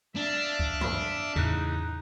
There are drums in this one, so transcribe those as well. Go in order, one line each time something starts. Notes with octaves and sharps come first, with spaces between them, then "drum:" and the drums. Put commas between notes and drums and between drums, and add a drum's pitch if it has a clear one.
D4 E5 F5
drum: kick C#2
drum: tom F#2
E2 A2 C#3 D#4 F#6